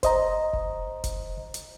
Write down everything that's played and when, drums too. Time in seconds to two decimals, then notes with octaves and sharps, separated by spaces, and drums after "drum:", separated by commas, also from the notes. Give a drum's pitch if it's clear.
0.03 C5 D#5 A#5, drum: kick F1, hi-hat
0.53 drum: kick F1
1.04 drum: kick F1, hi-hat
1.54 drum: hi-hat